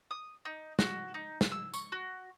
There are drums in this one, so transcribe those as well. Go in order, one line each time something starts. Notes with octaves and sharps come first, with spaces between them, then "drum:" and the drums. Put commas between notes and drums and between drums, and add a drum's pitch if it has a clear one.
D#6
D#4
F#4, drum: snare
D#4
drum: snare
E6
C#6, drum: tambourine
F#4